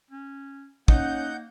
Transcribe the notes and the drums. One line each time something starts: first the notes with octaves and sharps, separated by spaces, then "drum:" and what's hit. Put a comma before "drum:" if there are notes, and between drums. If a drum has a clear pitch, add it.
C#4
A#3 C#4 D#4 F#5 G6, drum: kick